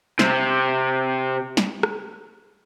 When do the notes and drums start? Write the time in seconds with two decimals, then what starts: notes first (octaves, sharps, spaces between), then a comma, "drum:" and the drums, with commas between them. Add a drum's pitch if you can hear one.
0.19 C3, drum: snare
1.57 drum: snare
1.83 drum: rim click